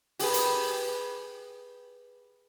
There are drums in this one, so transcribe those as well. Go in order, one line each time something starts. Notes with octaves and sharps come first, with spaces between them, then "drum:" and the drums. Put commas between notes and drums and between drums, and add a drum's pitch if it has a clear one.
G4 G#4 B4, drum: open hi-hat
drum: hi-hat